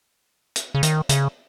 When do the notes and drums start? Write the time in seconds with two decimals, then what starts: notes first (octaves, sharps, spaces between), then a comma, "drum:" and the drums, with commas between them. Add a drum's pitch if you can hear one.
0.56 drum: hi-hat
0.75 C#3
0.83 D#3, drum: hi-hat
1.09 C#3, drum: hi-hat